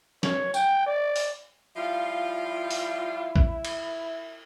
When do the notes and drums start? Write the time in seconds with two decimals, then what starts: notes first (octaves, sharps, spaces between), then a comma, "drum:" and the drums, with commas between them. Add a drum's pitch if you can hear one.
0.23 C#5, drum: snare
0.54 G5, drum: tambourine
0.86 D5
1.16 drum: open hi-hat
1.76 F3 G3 E4 F4
2.70 drum: open hi-hat
3.36 drum: kick A#1
3.65 drum: cymbal